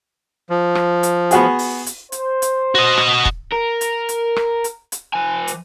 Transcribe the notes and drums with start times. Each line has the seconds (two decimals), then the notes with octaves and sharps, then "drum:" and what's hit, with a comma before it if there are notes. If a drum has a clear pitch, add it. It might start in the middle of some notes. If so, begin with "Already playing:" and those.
0.50 F3
0.75 drum: rim click
1.03 drum: hi-hat
1.31 B3 F#4 G#4, drum: hi-hat
1.59 drum: open hi-hat
1.86 drum: hi-hat
2.12 C5, drum: hi-hat
2.42 drum: hi-hat
2.75 F#4 D#5
2.98 drum: rim click
3.25 drum: kick
3.53 A#4
3.81 drum: hi-hat
4.09 drum: hi-hat
4.36 drum: rim click
4.64 drum: hi-hat
4.92 drum: hi-hat
5.14 F3 G#5
5.48 drum: hi-hat